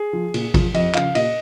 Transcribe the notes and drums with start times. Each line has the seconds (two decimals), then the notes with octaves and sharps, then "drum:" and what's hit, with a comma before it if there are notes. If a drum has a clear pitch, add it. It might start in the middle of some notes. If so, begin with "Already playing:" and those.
Already playing: G#4
0.13 F3
0.34 A#2, drum: cymbal
0.54 F3, drum: kick G#1, cymbal
0.74 F2 D#5, drum: cymbal
0.95 C#3 F3 F5, drum: clap
1.15 A#2 D#5, drum: cymbal